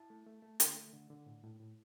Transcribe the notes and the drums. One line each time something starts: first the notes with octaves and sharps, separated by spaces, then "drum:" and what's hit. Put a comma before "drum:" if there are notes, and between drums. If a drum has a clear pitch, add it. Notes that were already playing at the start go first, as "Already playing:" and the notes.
Already playing: E4 A5
A3
A3
A3
D3, drum: hi-hat
A3
D3
D3
A2
A2
A2